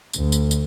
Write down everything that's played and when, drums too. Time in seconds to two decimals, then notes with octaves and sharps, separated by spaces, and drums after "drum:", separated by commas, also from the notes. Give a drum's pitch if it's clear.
0.14 D2, drum: tambourine
0.32 drum: tambourine
0.51 drum: tambourine